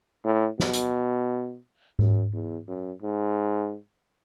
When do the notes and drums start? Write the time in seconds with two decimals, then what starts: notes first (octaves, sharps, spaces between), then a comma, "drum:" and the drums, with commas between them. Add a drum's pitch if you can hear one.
0.25 A2
0.60 B2, drum: snare
0.73 drum: hi-hat
1.99 F#2, drum: tom G#2
2.33 E2
2.68 F#2
3.02 G#2